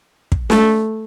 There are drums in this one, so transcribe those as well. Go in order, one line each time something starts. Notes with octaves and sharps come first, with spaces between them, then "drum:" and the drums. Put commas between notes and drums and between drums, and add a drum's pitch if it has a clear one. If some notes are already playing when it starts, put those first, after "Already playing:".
drum: kick
A3, drum: snare